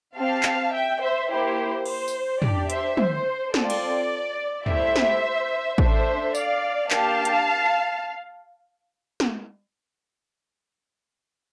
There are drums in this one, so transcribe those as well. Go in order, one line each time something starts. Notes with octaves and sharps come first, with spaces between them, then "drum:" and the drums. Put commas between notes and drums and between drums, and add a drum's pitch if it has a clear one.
C4 G4 F5 A5
drum: clap
E5 G5
C5 E5
A#3 E4 G4 C5
C5, drum: cymbal
drum: tambourine
D4 G4 D5, drum: tom
C5 E5, drum: hi-hat
C5, drum: tom
C4 F4 A4 D5, drum: snare
drum: cymbal
A3 E4 G4 C5 E5, drum: tom
drum: snare
A3 D4 A4 C5 E5, drum: kick
D5 F5, drum: tambourine
A#3 D4 G4 F5 A5, drum: clap
drum: hi-hat
drum: snare